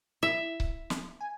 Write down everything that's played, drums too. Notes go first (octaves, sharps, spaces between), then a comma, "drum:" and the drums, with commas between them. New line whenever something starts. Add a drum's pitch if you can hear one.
E4 E5
drum: kick C#1
drum: snare
G#5